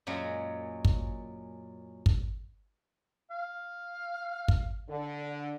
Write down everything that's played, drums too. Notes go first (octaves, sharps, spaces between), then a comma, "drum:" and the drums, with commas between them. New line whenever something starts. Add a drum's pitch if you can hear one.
F#2 A#2 F#3 G#3
drum: kick
drum: kick
F5
drum: kick
D3